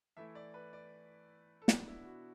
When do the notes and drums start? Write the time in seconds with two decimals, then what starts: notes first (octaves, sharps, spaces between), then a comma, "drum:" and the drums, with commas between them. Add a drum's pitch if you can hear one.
0.17 E3 A3 E4 E5
0.35 D5
0.54 B4
0.73 D5
1.62 A4
1.68 B2 B3 D4 F#4, drum: snare
1.87 E4
2.05 F#4